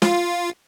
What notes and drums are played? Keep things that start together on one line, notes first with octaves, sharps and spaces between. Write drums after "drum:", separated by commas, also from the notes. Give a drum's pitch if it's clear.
F4, drum: snare